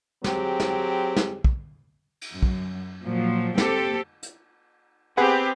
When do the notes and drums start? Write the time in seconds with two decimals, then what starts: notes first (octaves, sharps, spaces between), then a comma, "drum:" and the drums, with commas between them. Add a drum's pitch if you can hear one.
0.24 F#3 C4 G4 G#4, drum: snare
0.60 drum: snare
1.17 drum: snare
1.44 drum: kick
2.21 drum: cymbal
2.33 F#2
2.43 drum: kick
3.03 A#2 F3 F#3
3.58 A#3 C4 G4 A4, drum: snare
4.23 drum: hi-hat
5.17 C4 G4 G#4 B4 F#5